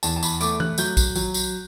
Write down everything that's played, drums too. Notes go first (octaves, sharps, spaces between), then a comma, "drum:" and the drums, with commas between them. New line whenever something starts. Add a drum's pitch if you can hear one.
E2 A5, drum: tambourine
A5
B5, drum: tambourine
A3 D6, drum: tambourine
F#6, drum: tom E3
F#3 G6, drum: tambourine
drum: kick A#1, tambourine
F#3, drum: tambourine
drum: tambourine